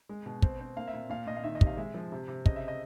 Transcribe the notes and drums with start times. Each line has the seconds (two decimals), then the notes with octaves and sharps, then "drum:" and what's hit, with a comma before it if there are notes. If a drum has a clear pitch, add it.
0.09 G#3
0.26 B2
0.42 C4, drum: kick
0.60 C4
0.76 A#3 F5
0.88 E5
0.94 A#2
1.10 A#2 F5
1.27 A#2 D#5
1.36 F5
1.44 D#3 E5
1.55 D#5
1.61 C3, drum: kick
1.67 F5
1.77 G#3 E5
1.94 F3
2.12 C3
2.28 C3
2.46 C#3 D#5, drum: kick
2.56 E5
2.68 D#5